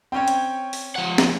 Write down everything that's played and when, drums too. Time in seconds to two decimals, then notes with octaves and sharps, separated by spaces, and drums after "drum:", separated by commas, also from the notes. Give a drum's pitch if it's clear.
0.12 C4 C#4 C#5 G5
0.28 drum: hi-hat
0.73 drum: open hi-hat
0.96 F3 F#5
1.18 drum: snare